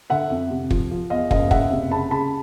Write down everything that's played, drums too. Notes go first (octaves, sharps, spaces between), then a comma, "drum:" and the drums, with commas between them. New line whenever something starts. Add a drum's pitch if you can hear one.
D3 E5 F#5
F2
C3
F3, drum: kick
F3
E2 D#5 F5
F#1 D#5 F5, drum: kick
F#1 E5 F#5, drum: kick
C3
C#3 A5 B5
C#3 A5 B5